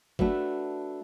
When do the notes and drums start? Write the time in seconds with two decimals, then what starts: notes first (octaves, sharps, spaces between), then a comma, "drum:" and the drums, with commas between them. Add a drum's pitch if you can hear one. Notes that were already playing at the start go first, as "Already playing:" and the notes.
0.19 A3 D4 F#4 B4 E5, drum: kick G1